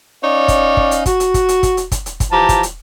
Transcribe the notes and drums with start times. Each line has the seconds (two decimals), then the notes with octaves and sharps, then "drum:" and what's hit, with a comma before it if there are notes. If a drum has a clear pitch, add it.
0.22 C#4 D#4 C#5 D5 F5
0.48 drum: kick, hi-hat
0.77 drum: kick
0.91 drum: hi-hat
1.06 F#4, drum: kick, hi-hat
1.20 drum: hi-hat
1.34 drum: kick, hi-hat
1.49 drum: hi-hat
1.63 drum: kick, hi-hat
1.77 drum: hi-hat
1.92 drum: kick, hi-hat
2.06 drum: hi-hat
2.20 drum: kick, hi-hat
2.30 E3 F3 G4 A5 A#5
2.49 drum: kick, hi-hat
2.63 drum: hi-hat